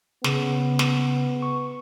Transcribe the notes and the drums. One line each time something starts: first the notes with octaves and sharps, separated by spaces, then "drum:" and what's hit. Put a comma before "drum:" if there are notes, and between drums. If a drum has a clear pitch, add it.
C#3 B3, drum: snare
drum: snare
C#6